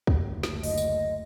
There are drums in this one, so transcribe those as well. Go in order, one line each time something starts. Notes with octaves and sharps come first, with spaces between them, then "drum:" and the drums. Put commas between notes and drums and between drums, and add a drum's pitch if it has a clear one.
drum: kick
F#1 D2
drum: snare
D#5, drum: open hi-hat
drum: tambourine